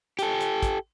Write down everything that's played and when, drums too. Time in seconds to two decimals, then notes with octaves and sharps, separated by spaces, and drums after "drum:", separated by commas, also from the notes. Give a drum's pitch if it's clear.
0.19 G4 A4, drum: hi-hat
0.41 drum: hi-hat
0.63 drum: kick, hi-hat